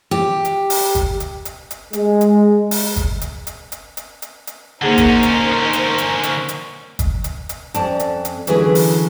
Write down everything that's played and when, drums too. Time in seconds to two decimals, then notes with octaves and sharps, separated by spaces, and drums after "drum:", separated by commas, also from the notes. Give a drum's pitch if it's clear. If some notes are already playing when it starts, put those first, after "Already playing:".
0.11 G4
0.45 drum: hi-hat
0.70 drum: open hi-hat
0.95 drum: kick, hi-hat
1.20 drum: hi-hat
1.45 drum: hi-hat
1.70 drum: hi-hat
1.93 G#3, drum: hi-hat
2.21 drum: hi-hat
2.71 drum: open hi-hat
2.96 drum: kick, hi-hat
3.21 drum: hi-hat
3.47 drum: hi-hat
3.72 drum: hi-hat
3.97 drum: hi-hat
4.22 drum: hi-hat
4.47 drum: hi-hat
4.82 D3 A#3 C#4 D#4 G#4 A#4 C5 F#5
4.98 drum: kick, hi-hat
5.23 drum: hi-hat
5.73 drum: hi-hat
5.98 drum: hi-hat
6.23 drum: hi-hat
6.49 drum: hi-hat
6.99 drum: kick, hi-hat
7.24 drum: hi-hat
7.49 drum: hi-hat
7.74 F2 C#4 D5 A5, drum: hi-hat
8.00 drum: hi-hat
8.25 drum: hi-hat
8.47 D3 E3 F#3 C#4 E4 G#4, drum: hi-hat
8.75 drum: open hi-hat